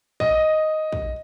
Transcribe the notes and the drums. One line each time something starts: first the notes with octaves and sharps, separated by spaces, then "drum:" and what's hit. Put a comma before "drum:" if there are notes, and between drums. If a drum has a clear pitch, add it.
D#5, drum: kick
drum: kick